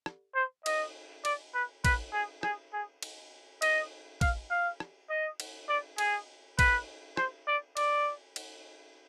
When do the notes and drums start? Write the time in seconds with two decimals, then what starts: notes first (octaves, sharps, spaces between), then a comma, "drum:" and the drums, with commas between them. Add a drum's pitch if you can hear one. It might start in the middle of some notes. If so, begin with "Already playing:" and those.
0.06 drum: rim click
0.35 C5
0.66 D#5, drum: cymbal
1.25 D5, drum: cymbal
1.54 B4
1.85 B4, drum: kick, cymbal
2.13 G#4
2.43 G#4, drum: rim click
2.73 G#4
3.02 drum: cymbal
3.62 D#5, drum: cymbal
4.21 F5, drum: kick, cymbal
4.51 F5
4.80 drum: rim click
5.10 D#5
5.40 drum: cymbal
5.69 D5
5.98 G#4, drum: cymbal
6.59 B4, drum: kick, cymbal
7.17 C5, drum: rim click
7.48 D5
7.77 D5, drum: cymbal
8.36 drum: cymbal